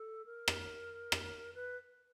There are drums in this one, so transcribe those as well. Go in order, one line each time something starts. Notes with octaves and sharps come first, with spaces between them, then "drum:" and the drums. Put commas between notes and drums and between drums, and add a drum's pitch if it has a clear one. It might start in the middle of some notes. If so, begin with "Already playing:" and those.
Already playing: A4
A#4
drum: rim click
drum: rim click
B4